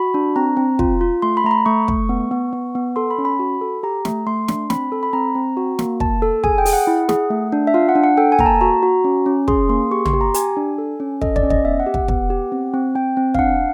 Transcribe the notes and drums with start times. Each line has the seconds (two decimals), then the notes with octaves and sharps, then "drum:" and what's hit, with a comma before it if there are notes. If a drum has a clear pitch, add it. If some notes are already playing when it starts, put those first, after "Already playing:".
Already playing: F#4 B5
0.14 D4
0.36 C4 A#5
0.57 C4
0.79 F4, drum: kick
1.01 F4
1.22 A3 C6
1.37 B5
1.44 A3 A#5
1.51 B5
1.66 A3 C#6
1.88 A3, drum: kick
2.09 B3
2.31 B3
2.53 B3
2.75 B3
2.96 A4 C6
3.11 B5
3.18 C#4
3.25 B5
3.39 F#4
3.61 A4
3.83 G4 A#5
4.05 A3, drum: snare
4.26 A3 C6
4.48 D4, drum: snare
4.70 C4 B5, drum: snare
4.92 A4
5.03 B5
5.13 C4 A#5
5.35 C4
5.57 F#4
5.79 A#3, drum: snare
6.00 A#3 A5, drum: kick
6.22 A4
6.44 G#4 G#5, drum: kick
6.58 G5
6.65 G#4, drum: open hi-hat
6.73 F#5
6.87 E4
7.09 G#4, drum: snare
7.30 A3
7.52 D4
7.67 E5
7.74 F4 F5
7.89 F#5
7.95 D4
8.04 F#5
8.17 A4 G5
8.32 G#5
8.39 A#3 A#5, drum: kick
8.46 A5
8.61 F#4 A#5
8.83 F#4
9.04 C#4
9.26 C#4
9.48 G#4 C6, drum: kick
9.69 A#3 C6
9.91 G4 C#6
10.05 C6, drum: tom
10.13 G4
10.21 A#5
10.34 G4 G#5, drum: hi-hat
10.57 D4
10.78 A4
11.00 C#4
11.22 A4 D#5, drum: kick
11.36 D5, drum: kick
11.43 C#4
11.50 D#5, drum: kick
11.65 B3 E5
11.80 F#5
11.86 G4
11.94 F#5, drum: kick
12.08 B3, drum: kick
12.30 G4
12.52 C4
12.74 C4
12.95 C4 G5
13.17 C4
13.35 F5, drum: kick
13.39 D4 F#5